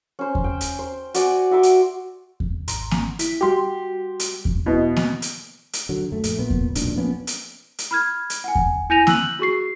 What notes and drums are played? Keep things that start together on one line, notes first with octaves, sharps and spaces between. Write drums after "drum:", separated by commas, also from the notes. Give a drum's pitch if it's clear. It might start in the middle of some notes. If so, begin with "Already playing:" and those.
C#4 C5
drum: kick E2
G5
drum: hi-hat
C5
F#4 D5 G#5, drum: hi-hat
F#4 E5 C6 D6
drum: hi-hat
drum: kick E2
G#1 A#5 C6, drum: hi-hat
drum: snare A#3
E4 B6, drum: hi-hat
G3 F#4 G4 C6
drum: hi-hat
drum: kick E2
B2 E4 B4 D#5
drum: snare A#3
drum: hi-hat
drum: hi-hat
D3 F#3
F#2 A3
A#1 A3, drum: hi-hat
A#2 B3
drum: kick E2
E1 B1 A#2 D4, drum: hi-hat
F3 A#3 B3 C#4
drum: hi-hat
drum: hi-hat
B5 F6 G#6
drum: hi-hat
F#5 G#5
drum: kick E2
E4 G#5 G6 A#6 D#7 F7
E6 F#6 F#7, drum: snare A#3
F#4 G#4 C#6 C7